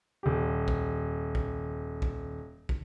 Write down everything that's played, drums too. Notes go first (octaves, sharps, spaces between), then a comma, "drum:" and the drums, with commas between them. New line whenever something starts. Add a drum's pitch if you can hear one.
D#1 G4
drum: kick
drum: kick
drum: kick
drum: kick